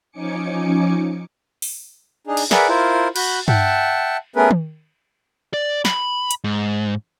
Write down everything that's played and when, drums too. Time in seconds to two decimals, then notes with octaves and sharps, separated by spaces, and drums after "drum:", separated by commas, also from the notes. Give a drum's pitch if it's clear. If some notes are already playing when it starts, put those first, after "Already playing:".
0.11 F3 C#4 D#4 G#5 D6 C#7
1.62 drum: open hi-hat
2.27 D4 D#4 G#4
2.37 drum: cymbal
2.51 G#4 A#4 B4 D5 E5 F#5, drum: snare
2.69 E4 F4 A#4 C5
3.16 F#4 B5 F#6 G6, drum: cymbal
3.48 E5 F#5 G5 A5, drum: tom G2
4.36 A3 B3 C#4 G#4 A#4 B4
4.51 drum: tom D#3
5.54 D5
5.85 B5, drum: snare
6.31 drum: hi-hat
6.44 G#2